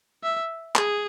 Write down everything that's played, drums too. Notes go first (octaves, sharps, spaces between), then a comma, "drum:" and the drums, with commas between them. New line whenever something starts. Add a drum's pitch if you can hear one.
E5
G#4, drum: clap